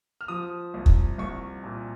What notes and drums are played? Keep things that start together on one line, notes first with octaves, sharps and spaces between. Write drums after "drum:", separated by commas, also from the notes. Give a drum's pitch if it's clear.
F6
F3 D#6
C2
drum: kick
C2 C#6
A#2